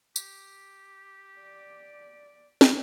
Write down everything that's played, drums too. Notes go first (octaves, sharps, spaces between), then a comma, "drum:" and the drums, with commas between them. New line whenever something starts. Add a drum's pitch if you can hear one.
G4, drum: tambourine
D5
drum: snare